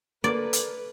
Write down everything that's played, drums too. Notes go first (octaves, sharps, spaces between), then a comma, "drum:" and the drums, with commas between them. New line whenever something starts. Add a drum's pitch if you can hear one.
A#3 A4 B4 D5
drum: hi-hat